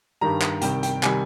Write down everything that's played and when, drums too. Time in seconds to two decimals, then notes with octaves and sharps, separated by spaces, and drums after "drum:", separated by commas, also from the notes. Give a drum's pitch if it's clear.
0.21 G2 D#3 G3 A#5
0.42 drum: clap
0.61 C2 C3 D#3 G3 G5, drum: hi-hat
0.83 G5, drum: hi-hat
1.03 C3 D#3 G3 G#5, drum: clap